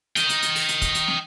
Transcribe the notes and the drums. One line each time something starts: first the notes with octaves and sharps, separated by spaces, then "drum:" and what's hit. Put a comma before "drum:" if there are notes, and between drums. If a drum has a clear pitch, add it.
D#5 G5, drum: hi-hat
drum: hi-hat
drum: hi-hat
drum: open hi-hat
drum: hi-hat
drum: kick, hi-hat
drum: hi-hat
drum: snare